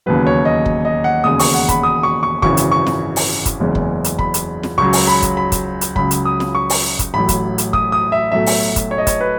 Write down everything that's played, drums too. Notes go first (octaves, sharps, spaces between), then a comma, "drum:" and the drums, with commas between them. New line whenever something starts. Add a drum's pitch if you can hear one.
E1 D#2 C#3 F#3 B4
C#5
D#5
drum: kick
D#5
F#5
E1 D#2 C#3 G#3 D#6
C#6, drum: open hi-hat
F#5
B5, drum: kick, hi-hat
D#6
C#6
C#6
G#1 F#2 C#3 E3 C#6, drum: kick
drum: hi-hat
C#6
drum: snare
drum: open hi-hat
drum: kick, hi-hat
F#1 E2 C#3 G#3 C#4
drum: kick
drum: hi-hat
B5, drum: kick
drum: hi-hat
drum: snare
C#2 C#3 F#3 C#6
drum: open hi-hat
B5
drum: kick, hi-hat
B5
drum: kick, hi-hat
drum: hi-hat
C#2 C#3 F#3 B5, drum: kick
drum: hi-hat
D#6
drum: snare
C#6
drum: open hi-hat
drum: kick, hi-hat
A1 A2 F#3 B5
drum: kick, hi-hat
drum: hi-hat
D#6, drum: kick
D#6
E5
B1 A2 F#3 A3 E5
drum: open hi-hat
drum: kick, hi-hat
C#5
D#5
C#5, drum: kick, hi-hat
B4